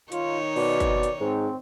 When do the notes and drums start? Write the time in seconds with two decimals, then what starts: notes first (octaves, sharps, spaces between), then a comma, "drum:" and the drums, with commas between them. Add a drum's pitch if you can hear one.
0.12 D#3 D#4 F4 C#5, drum: hi-hat
0.56 B2 D5, drum: open hi-hat
0.80 drum: kick G1, hi-hat
1.03 drum: hi-hat
1.21 G#2 C4